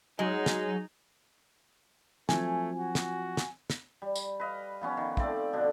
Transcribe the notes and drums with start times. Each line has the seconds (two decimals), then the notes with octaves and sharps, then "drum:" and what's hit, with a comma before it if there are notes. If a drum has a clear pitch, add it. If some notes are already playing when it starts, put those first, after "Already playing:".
0.19 F#3 G#3 D#4 G#4
0.46 drum: snare
2.29 F3 F#3 A3 C4 G#5, drum: snare
2.78 F#4
2.95 drum: snare
3.37 drum: snare
3.70 drum: snare
4.02 G3
4.16 drum: tambourine
4.40 B4 D#5 F5
4.81 F3 B3 C#4
4.97 D#3
5.17 F3 A3 C4 D5, drum: kick
5.53 B2 D3 D4